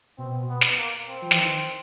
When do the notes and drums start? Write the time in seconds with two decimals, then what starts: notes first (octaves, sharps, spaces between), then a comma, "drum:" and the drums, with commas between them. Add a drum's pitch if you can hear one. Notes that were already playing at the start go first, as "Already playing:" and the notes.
0.18 B2 C4
0.48 B3
0.61 drum: snare
0.78 A#3
1.08 C4
1.22 F3
1.31 E3, drum: snare
1.38 D#3